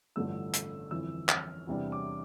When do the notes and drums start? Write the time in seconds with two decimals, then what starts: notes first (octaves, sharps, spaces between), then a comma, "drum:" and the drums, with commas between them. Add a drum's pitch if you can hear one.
0.16 A1 G2 D3 F3 A3 E6
0.53 E6, drum: hi-hat
0.91 G1 F2 E3 E6
1.29 F6, drum: clap
1.67 E2 C3 E3 G3 D4
1.92 D6